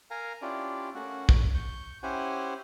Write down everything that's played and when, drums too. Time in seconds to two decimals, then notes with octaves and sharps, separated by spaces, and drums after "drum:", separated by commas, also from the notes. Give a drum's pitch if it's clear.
0.11 A#4 F5 G#5 A#5
0.42 C#4 D4 E4 F4 G4 D5
0.95 A3 A#3 C#4 F#4 F#5
1.29 drum: kick
1.54 C#6 G6
2.03 C#4 E4 G4 C5 F#5 G#5